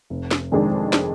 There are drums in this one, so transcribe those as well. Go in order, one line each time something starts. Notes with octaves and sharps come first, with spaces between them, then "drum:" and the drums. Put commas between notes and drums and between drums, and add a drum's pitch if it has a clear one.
F1
drum: snare
F2 D#3 G#3 D4
drum: snare